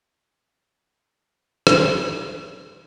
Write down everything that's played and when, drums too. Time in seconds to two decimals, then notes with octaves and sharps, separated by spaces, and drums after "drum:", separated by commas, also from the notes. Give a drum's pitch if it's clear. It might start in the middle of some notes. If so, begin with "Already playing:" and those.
0.24 C#3 G#5 C#6
0.90 A4 C6
1.67 drum: rim click
2.15 F#4 A4 C#5